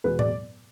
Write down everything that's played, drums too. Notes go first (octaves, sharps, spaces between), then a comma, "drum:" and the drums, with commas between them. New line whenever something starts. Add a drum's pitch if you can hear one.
E2 B2 G#3 B3 B4
D5, drum: tom A2